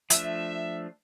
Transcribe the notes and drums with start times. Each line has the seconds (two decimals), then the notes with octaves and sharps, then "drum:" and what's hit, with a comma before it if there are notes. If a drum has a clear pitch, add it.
0.10 F3 A3 D4 E5, drum: hi-hat